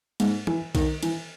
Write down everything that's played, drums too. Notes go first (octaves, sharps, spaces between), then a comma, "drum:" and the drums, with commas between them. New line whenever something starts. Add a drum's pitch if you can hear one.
G#2, drum: cymbal
E3, drum: tom
D#3, drum: kick B1, cymbal
E3, drum: cymbal